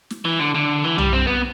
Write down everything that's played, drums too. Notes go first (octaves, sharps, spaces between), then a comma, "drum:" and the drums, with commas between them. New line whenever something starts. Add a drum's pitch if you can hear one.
drum: snare
E3
D3
D3
E3
G3, drum: tom B1
C4
B3